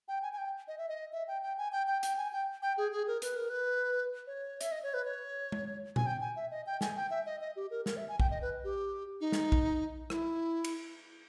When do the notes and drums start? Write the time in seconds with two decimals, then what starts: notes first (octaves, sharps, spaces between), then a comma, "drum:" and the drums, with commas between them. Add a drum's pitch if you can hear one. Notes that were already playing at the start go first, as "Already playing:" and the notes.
0.08 G5
0.22 G#5
0.33 G#5
0.38 G5
0.68 D#5
0.78 E5
0.89 D#5
1.13 E5
1.28 G5
1.43 G5
1.58 G#5
1.72 G5
1.88 G5
2.03 G5, drum: hi-hat
2.18 G#5
2.32 G5
2.62 G5
2.78 G#4
2.92 G#4
3.07 A#4
3.22 B4, drum: hi-hat
3.36 A#4
3.50 B4
4.27 C#5
4.61 E5, drum: hi-hat
4.72 D#5
4.83 C#5
4.94 B4
5.05 C#5
5.52 drum: tom G#3
5.96 G#5, drum: tom A#2
6.06 G5
6.21 G#5
6.36 E5
6.51 D#5
6.66 G5
6.81 G#5, drum: snare
6.96 G5
7.10 E5
7.26 D#5
7.41 D#5
7.56 G4
7.71 A#4
7.86 A#4, drum: snare
7.97 E5
8.08 G#5
8.20 G5, drum: kick A#1
8.31 D#5
8.42 B4
8.64 G4
9.21 D#4
9.32 drum: snare
9.52 drum: kick A#1
10.10 E4, drum: rim click
10.64 drum: cymbal